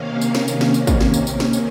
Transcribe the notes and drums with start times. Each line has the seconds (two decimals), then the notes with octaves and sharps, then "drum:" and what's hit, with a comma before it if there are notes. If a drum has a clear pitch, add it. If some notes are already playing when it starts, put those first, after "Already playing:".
Already playing: C3 D#3 A#3 C#4 F5
0.21 drum: tambourine
0.35 drum: snare
0.48 drum: tambourine
0.61 C3 D#3 A#3 C#4, drum: snare
0.74 drum: tambourine
0.87 drum: kick, tambourine
1.01 drum: snare
1.14 drum: tambourine
1.27 drum: tambourine
1.40 drum: snare
1.53 drum: tambourine